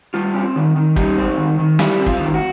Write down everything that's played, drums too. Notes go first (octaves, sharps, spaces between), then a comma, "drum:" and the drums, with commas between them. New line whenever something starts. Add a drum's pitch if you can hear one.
G3 F4
C4
D#3
D#3
G3 D#4, drum: kick
C4
D#3
D#3
G3 E4, drum: snare
C4
F4, drum: kick
D#3
F#4